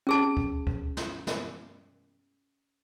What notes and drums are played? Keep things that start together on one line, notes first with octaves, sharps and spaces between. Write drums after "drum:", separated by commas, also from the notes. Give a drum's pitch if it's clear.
C#4 G#4 A5
drum: kick
drum: kick
drum: snare
drum: snare